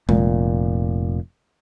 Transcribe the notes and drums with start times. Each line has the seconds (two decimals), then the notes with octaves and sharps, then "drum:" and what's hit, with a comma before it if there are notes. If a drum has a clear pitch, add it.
0.09 F1 A#2, drum: tom G#3